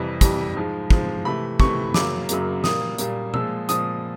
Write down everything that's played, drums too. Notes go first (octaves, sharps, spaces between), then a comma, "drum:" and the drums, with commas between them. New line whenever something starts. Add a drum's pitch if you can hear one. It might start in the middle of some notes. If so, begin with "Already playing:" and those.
Already playing: F2 C3 E3 G3
F2 C3 E3 G3, drum: kick, hi-hat
G#2 F3 G#3
G#2 F3 G#3, drum: kick
C3 E3 A3 B5
C3 E3 A3 C#6, drum: kick
F#2 C#3 F#3 A#3 D6, drum: snare
F#2 C#3 F#3 A#3, drum: hi-hat
A#2 G3 A#3 D#6, drum: snare
A#2 G3 A#3, drum: hi-hat
A#2 F3 G#3 E6, drum: tom B2
A#2 F3 G#3 D#6, drum: hi-hat